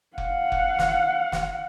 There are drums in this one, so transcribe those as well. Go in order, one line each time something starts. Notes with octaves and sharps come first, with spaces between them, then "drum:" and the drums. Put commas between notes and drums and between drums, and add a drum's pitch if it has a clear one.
F5 F#5, drum: kick F1
drum: kick F1
drum: snare
drum: snare